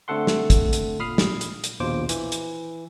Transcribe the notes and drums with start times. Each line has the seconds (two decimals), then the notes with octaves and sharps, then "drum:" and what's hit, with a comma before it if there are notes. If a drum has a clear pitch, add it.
0.08 D3 A3 C4 A4 F#5 C6
0.27 drum: snare
0.50 drum: kick, hi-hat
0.73 drum: hi-hat
0.99 A#2 B5 D#6 F6 C7
1.18 drum: snare
1.41 drum: hi-hat
1.64 drum: hi-hat
1.80 A#1 D#2 B2 F4 C5 D6
2.09 E3, drum: hi-hat
2.32 drum: hi-hat